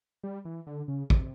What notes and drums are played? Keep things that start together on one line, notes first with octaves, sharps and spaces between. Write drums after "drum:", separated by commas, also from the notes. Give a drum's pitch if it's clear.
G3
E3
D3
C#3
C3, drum: kick